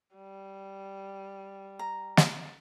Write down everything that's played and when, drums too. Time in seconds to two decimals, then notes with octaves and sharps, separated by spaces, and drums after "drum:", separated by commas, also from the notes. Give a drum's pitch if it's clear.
0.15 G3
1.79 A#5
2.17 drum: snare